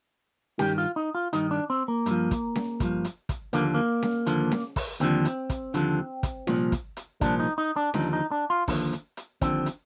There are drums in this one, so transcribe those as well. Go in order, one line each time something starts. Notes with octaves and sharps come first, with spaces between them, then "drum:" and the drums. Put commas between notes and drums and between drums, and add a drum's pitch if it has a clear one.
G2 D#3 G4, drum: snare C#4
F4
D#4
F4
G2 D#3 D#4, drum: hi-hat
D4
C4
A#3
G2 F3, drum: hi-hat
drum: kick, hi-hat
drum: snare C#4
G2 F3, drum: kick, hi-hat
drum: hi-hat
drum: kick, hi-hat
D#2 D3 F3 A#3, drum: hi-hat
A#3
drum: snare C#4
D#2 D3 F3, drum: hi-hat
drum: snare C#4
drum: kick, open hi-hat
D#2 D3 F3 C4, drum: hi-hat
drum: hi-hat
drum: kick, hi-hat
D#2 D3 F3, drum: hi-hat
drum: kick, hi-hat
C2 A#2 F3, drum: snare C#4
drum: kick, hi-hat
drum: hi-hat
C2 A#2 F3 D4, drum: kick, hi-hat
D#4
D#4
D4
D#2 D3 F3 D#4, drum: snare C#4
D#4
D4
F4
D#2 D3 F3, drum: kick, open hi-hat
drum: hi-hat
drum: hi-hat
D#2 D3 F3 C4, drum: kick, hi-hat
drum: hi-hat